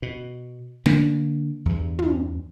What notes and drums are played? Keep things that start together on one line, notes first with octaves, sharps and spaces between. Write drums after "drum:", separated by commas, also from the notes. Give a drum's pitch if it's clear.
B2
D3 A#3 D4, drum: snare
E2 G2
drum: tom